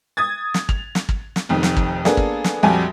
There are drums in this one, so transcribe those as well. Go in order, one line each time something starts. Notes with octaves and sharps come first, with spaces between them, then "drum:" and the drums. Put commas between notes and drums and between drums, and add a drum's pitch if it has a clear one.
D#6 G#6 A6
drum: snare
F7, drum: kick
drum: snare
drum: kick
drum: snare
F1 F2 D#3
drum: snare
drum: kick
A#3 B3 D4 G#4 A4, drum: snare
drum: kick
drum: snare
A#1 F2 G3 F#4 G#5 A5